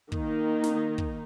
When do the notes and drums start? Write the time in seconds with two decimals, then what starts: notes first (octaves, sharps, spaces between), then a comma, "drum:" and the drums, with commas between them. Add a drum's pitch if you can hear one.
0.12 D#3 A#3 D#4, drum: kick
0.64 drum: snare
0.98 drum: kick